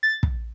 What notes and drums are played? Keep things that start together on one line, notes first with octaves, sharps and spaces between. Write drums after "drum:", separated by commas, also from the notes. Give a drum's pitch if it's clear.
A6
drum: kick